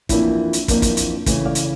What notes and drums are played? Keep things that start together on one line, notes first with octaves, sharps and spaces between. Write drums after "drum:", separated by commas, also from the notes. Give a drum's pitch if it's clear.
F2 E3 A#3 D4 E4, drum: kick, hi-hat
drum: hi-hat
F2 E3 A#3 D4, drum: kick, hi-hat
drum: kick, hi-hat
drum: hi-hat
C#3 E3 A3, drum: kick, hi-hat
D5 F5
drum: hi-hat